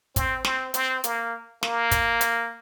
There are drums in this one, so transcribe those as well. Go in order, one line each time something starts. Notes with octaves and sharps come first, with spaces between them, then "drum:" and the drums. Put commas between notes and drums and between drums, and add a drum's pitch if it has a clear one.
C4, drum: kick, hi-hat
C4, drum: snare
C4, drum: hi-hat
A#3, drum: hi-hat
A#3, drum: snare
drum: kick, hi-hat
drum: hi-hat